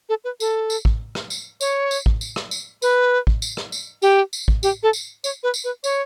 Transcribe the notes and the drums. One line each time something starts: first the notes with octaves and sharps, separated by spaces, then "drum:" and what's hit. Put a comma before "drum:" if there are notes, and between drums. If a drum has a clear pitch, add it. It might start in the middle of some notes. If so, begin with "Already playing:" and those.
A4
B4
A4, drum: tambourine
drum: tambourine
drum: kick
drum: rim click
drum: tambourine
C#5, drum: tambourine
drum: tambourine
drum: kick
drum: tambourine
drum: rim click
drum: tambourine
B4, drum: tambourine
drum: kick
drum: tambourine
drum: rim click
drum: tambourine
G4, drum: tambourine
drum: tambourine
drum: kick
G4, drum: tambourine
A4
drum: tambourine
C#5, drum: tambourine
B4
drum: tambourine
B4
C#5, drum: tambourine